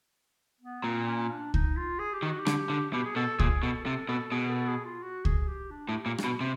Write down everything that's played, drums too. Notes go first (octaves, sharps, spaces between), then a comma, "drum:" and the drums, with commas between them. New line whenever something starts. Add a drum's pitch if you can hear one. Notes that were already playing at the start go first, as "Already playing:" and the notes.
B3
A#2 C4
C#4
D4
D#4, drum: kick C#2
F4
G#4
G4
D#3
F#4
G4
D3, drum: rim click
D3
B2 G4
G#4
B2 A4
A#2 G#4, drum: kick C#2
B2 A4
C3 A4
B2 A4
B2 G#4
A4
A4
G#4
F4
F#4
G#4, drum: kick C#2
G4
D4
A2
G4
A#2
F#4, drum: rim click
B2
C3